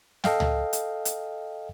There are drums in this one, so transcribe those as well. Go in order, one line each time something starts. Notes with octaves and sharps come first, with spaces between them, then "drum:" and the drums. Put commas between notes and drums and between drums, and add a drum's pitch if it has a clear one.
A4 D#5 F5 G5, drum: snare
drum: tom C#2
drum: hi-hat
drum: hi-hat